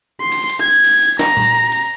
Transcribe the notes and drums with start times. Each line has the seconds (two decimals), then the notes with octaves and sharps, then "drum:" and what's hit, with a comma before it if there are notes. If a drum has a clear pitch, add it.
0.21 C6
0.32 drum: cymbal
0.49 drum: cymbal
0.61 G#6
0.84 drum: cymbal
1.02 drum: cymbal
1.19 A#5, drum: snare
1.37 drum: tom A#2
1.54 drum: cymbal
1.72 drum: cymbal